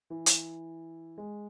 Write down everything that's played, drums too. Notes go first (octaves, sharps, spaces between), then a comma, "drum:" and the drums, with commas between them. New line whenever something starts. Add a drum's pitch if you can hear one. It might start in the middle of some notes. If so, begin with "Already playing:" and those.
E3
drum: hi-hat
G#3